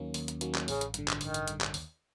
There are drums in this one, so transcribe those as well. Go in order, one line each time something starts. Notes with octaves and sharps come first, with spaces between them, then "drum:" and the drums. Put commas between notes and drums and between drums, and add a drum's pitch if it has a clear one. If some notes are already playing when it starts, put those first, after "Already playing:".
Already playing: D#2 D#3 F#3 A#3 C#4
D#2, drum: open hi-hat
drum: hi-hat
D#3 F#3 A#3 C#4, drum: hi-hat
drum: clap
A1 C#3, drum: open hi-hat
drum: hi-hat
G2 D3, drum: hi-hat
drum: clap
A1 D#3, drum: open hi-hat
drum: hi-hat
G2 D3, drum: hi-hat
drum: clap
D#2, drum: open hi-hat